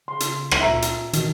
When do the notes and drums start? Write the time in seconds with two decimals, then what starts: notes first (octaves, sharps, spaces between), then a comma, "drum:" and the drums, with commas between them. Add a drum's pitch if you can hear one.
0.08 C#3 C6
0.20 drum: hi-hat
0.51 drum: rim click
0.61 A#2 E5 A#5
0.82 drum: hi-hat
1.13 B2 D#3, drum: hi-hat